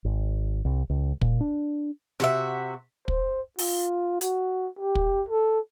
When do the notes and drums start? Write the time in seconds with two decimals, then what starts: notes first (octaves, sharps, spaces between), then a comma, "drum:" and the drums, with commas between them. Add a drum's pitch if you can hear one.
0.05 G#1
0.65 C2
0.90 C#2
1.21 A#2, drum: kick
1.41 D4
2.20 C3 F#4 E5, drum: snare
3.08 C5, drum: kick
3.58 F4, drum: open hi-hat
4.21 F#4, drum: hi-hat
4.79 G4
4.95 drum: kick
5.29 A4